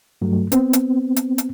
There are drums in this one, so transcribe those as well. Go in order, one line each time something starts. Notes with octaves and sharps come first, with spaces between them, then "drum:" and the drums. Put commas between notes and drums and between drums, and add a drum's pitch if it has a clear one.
G2 F#3 A3
B3 C4, drum: hi-hat
drum: hi-hat
drum: hi-hat
drum: hi-hat